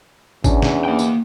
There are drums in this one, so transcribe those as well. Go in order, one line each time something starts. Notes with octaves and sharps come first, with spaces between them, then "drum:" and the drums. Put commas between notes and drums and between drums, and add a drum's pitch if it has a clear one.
E2 C#4 D4, drum: kick, tambourine
drum: snare
A#3 G5
drum: tambourine